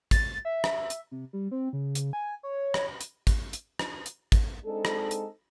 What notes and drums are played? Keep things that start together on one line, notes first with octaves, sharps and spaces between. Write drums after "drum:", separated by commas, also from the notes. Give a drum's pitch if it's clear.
A6, drum: kick, hi-hat
E5
drum: rim click
drum: hi-hat
C3
G3
C4
C#3
drum: hi-hat
G#5
C#5
drum: rim click
drum: hi-hat
drum: kick, hi-hat
drum: hi-hat
drum: rim click
drum: hi-hat
drum: kick, hi-hat
G#3 C4 D4 D#4 A4
drum: rim click
drum: hi-hat